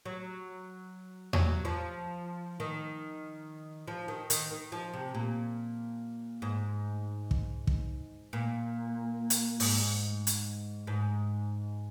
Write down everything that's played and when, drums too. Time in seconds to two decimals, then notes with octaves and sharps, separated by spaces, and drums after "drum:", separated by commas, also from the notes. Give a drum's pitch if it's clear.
0.05 F#3
1.33 F#3, drum: tom E2
1.65 F3
2.60 D#3
3.87 F3
4.08 D#3
4.30 D#3, drum: hi-hat
4.51 D#3
4.72 F3
4.93 C3
5.15 A#2
6.42 G#2
7.31 drum: kick
7.67 drum: kick
8.33 A#2
9.30 drum: hi-hat
9.60 G#2, drum: open hi-hat
10.27 drum: hi-hat
10.87 G#2